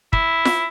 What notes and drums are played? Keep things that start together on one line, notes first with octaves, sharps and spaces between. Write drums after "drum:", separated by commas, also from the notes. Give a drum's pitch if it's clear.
E4, drum: kick
drum: snare F4